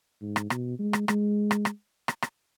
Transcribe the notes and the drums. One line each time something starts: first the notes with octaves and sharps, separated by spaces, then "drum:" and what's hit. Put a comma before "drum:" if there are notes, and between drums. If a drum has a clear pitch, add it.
G#2
drum: rim click
B2, drum: rim click
G#3
drum: rim click
G#3, drum: rim click
drum: rim click
drum: rim click
drum: rim click
drum: rim click